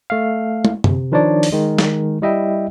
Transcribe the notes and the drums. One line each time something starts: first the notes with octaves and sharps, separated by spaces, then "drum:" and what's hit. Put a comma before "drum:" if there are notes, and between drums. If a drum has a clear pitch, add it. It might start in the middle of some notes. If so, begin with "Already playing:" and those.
A3 F5
drum: tom
C3, drum: tom F#2
D#3 F3 D4 D#4 C#5 D5
drum: open hi-hat
D#3 G#3
drum: snare
G3 E4 D#5 E5 G5